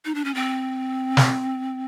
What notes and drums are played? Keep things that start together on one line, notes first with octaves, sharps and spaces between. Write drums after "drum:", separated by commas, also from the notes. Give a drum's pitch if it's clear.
D#4
D4
C#4
C4
drum: snare